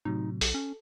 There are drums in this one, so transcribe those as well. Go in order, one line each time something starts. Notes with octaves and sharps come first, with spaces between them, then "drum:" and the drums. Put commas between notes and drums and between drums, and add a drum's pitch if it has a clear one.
A2 C3 F#3 D#4
B1 A4, drum: open hi-hat
C#4